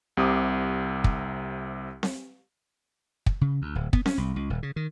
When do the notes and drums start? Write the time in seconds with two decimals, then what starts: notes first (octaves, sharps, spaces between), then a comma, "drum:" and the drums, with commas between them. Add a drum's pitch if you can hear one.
0.17 C2 C3 D6 D#6
1.04 drum: kick
2.03 drum: snare C4
3.26 drum: kick
3.41 C#3
3.62 D2
3.75 D1
3.93 B3, drum: kick
4.06 C#4, drum: snare C4
4.18 C2
4.36 C#2
4.50 D#1
4.63 C#3
4.76 D#3